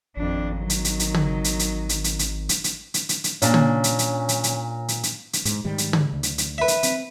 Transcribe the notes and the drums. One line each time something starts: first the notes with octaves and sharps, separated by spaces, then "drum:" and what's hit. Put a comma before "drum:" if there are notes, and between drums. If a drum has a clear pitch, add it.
G#1 F2 D4
D#3 F#3
drum: hi-hat
drum: hi-hat
drum: hi-hat
drum: tom
drum: hi-hat
drum: hi-hat
drum: hi-hat
drum: hi-hat
drum: hi-hat
drum: hi-hat
drum: hi-hat
drum: hi-hat
drum: hi-hat
drum: hi-hat
A#2 C#4 D4, drum: hi-hat
drum: tom
drum: hi-hat
drum: hi-hat
drum: hi-hat
drum: hi-hat
drum: hi-hat
drum: hi-hat
drum: hi-hat
G#2, drum: hi-hat
G#2 D#3 G3
drum: hi-hat
drum: tom
D2
drum: hi-hat
drum: hi-hat
B4 E5
drum: hi-hat
C4, drum: hi-hat